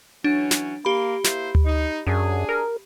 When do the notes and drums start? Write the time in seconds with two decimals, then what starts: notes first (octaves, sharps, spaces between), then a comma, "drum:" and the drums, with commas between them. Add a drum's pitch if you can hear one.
0.24 E3 F#3 C#4 D4
0.51 drum: snare
0.85 A#3 G4 B5
1.24 A#3 E4 C5, drum: snare
1.55 drum: tom D2
1.66 D#4
2.07 F#2 D4 G#4
2.49 A#4